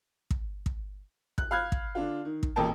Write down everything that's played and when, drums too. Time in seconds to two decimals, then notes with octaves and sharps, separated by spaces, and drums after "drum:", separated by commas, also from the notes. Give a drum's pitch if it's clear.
0.31 drum: kick
0.66 drum: kick
1.38 F#6, drum: kick
1.51 F5 B5 F6 F#6 G#6
1.72 drum: kick
1.95 D3 D4 F4
2.25 D#3
2.43 drum: kick
2.56 E1 A1 A#2 A#4 G5 A5